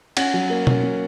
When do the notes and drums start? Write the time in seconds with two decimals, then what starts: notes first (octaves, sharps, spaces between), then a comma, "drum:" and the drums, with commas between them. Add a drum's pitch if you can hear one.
0.17 C#4 F#5, drum: cymbal
0.34 F#3
0.50 A#3
0.67 C#4, drum: tom B2
0.83 C#4